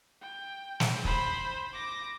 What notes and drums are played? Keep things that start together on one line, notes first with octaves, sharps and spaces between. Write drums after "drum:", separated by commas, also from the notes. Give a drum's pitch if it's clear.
G5
drum: snare
C5 B5, drum: kick
D6 A#6